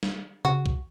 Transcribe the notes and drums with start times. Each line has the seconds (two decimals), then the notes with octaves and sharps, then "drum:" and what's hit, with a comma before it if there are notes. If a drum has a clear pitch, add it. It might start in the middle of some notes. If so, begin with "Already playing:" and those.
0.03 drum: snare
0.45 C#3 F#4
0.66 drum: kick B1